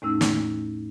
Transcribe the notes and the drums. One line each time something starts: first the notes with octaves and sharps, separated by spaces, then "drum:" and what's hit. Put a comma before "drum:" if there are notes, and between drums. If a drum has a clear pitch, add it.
E2 A2 A3 C#4 D#4 E6
drum: snare